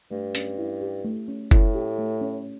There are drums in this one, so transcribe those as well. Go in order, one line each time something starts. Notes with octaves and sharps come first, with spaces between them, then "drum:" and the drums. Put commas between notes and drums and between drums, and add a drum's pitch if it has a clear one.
G2 A3
C#4, drum: hi-hat
E4
G4
A3
C#4
A2 E4, drum: kick F#1
G4
A3
C#4